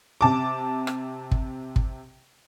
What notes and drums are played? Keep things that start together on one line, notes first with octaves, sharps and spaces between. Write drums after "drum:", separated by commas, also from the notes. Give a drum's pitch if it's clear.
C3 A5 D6
drum: rim click
drum: kick
drum: kick